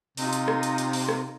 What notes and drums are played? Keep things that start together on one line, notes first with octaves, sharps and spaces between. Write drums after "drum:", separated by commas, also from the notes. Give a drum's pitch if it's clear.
C3 D#4 F4, drum: open hi-hat
drum: hi-hat
drum: rim click
drum: hi-hat
drum: hi-hat
drum: open hi-hat
drum: rim click